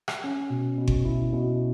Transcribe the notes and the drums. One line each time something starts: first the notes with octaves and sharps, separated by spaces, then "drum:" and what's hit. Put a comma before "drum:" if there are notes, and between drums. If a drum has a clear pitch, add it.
drum: rim click
C#4
B2
B2
drum: kick G1
E4
B2